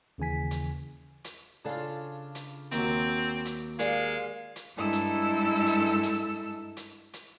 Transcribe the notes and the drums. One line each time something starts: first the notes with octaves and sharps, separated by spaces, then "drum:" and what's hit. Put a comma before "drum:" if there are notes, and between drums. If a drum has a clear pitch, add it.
D#2 C#3 E3 G#5 B6
drum: hi-hat
drum: hi-hat
C#3 D4 F4 A4 F5
drum: hi-hat
D#2 F#3 C4, drum: hi-hat
drum: hi-hat
G#3 G4 A#4 D5 F5, drum: hi-hat
drum: hi-hat
G2 G#3 D#4 E4 A4 E6
drum: hi-hat
drum: hi-hat
drum: hi-hat
drum: hi-hat
drum: hi-hat